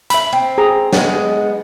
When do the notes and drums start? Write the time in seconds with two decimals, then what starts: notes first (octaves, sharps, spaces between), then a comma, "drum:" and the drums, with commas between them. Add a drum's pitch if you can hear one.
0.10 E5 B5, drum: hi-hat
0.33 C4
0.58 G#4 A#5
0.93 G#3 B3, drum: snare